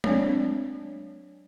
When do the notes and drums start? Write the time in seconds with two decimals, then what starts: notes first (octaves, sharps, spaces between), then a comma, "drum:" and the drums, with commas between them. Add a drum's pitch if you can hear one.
0.04 F#3 G#3 C4 D4 C#5 D5, drum: tom G#3